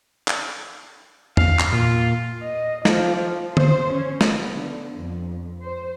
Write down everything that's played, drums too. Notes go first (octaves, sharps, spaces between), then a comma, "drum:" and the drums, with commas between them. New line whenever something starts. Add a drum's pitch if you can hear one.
drum: clap
F5, drum: tom E2
drum: clap
A#2 F4
D#5
F3, drum: snare
C5, drum: tom D3
C#4
B3, drum: snare
D3
F2
C5